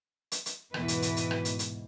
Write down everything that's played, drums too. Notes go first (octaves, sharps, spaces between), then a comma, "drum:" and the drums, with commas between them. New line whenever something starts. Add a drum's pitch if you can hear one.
drum: hi-hat
drum: hi-hat
E2 G#2 B2 E3 B4, drum: rim click
drum: hi-hat
drum: hi-hat
drum: hi-hat
drum: rim click
drum: hi-hat
drum: hi-hat